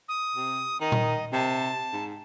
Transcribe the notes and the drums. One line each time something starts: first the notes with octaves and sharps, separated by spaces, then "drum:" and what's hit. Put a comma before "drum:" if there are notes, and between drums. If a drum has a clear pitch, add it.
D#6
C3
D#3 D#5
drum: tom A#2
C3 A5
G#2